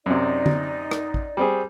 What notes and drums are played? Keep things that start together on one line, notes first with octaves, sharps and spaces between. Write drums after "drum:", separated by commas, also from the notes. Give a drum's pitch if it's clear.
F#2 C3 D#4 D5
drum: tom D3
drum: rim click
drum: kick
G3 C4 G#4